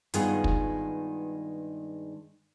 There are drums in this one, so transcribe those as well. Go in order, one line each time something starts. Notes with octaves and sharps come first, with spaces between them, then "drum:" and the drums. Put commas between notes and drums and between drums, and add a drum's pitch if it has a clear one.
G2 D#3 G#3 B3 F4 G#4, drum: hi-hat
drum: kick